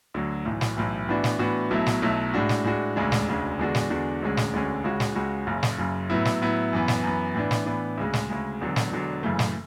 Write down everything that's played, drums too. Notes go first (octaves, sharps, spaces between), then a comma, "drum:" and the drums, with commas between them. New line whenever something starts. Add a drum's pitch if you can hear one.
D2 D3 F#3
B1 A2 E3
drum: snare
B1 A2 E3
A2 E3 B3 D4 F#4
drum: snare
A2 E3 B3 D4 F#4
B1 B2 F#3 A3 E4
drum: snare
B1 B2 F#3 A3 E4
A2 G#3 D4 F#4
drum: snare
A2 G#3 D4 F#4
E1 D2 C#3 G#3 D4
drum: snare
E1 D2 C#3 G#3 D4
E2 D3 G#3 D4 F#4
drum: snare
E2 D3 G#3 D4 F#4
E1 D2 D3 G#3 C#4
drum: snare
E1 D2 D3 G#3 C#4
C#2 C#3 G#3 C#4 F#4
drum: snare
C#2 C#3 G#3 C#4 F#4
F#1 F#2 C#3
drum: snare
F#1 F#2 C#3
A2 F#3 B3 E4
drum: snare
A2 F#3 B3 E4
F#2 E3 B3
drum: snare
F#2 E3 B3
A2 E3 B3 D4
drum: snare
A2 E3 B3 D4
D2 C#3 G#3
drum: snare
D2 C#3 G#3
E1 E2 D3 F#3
drum: snare
E1 E2 D3 F#3
F#1 F#2 C#3 E3 A3
drum: snare